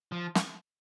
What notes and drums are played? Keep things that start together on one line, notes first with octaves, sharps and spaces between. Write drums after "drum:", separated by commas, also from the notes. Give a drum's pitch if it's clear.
F3
drum: snare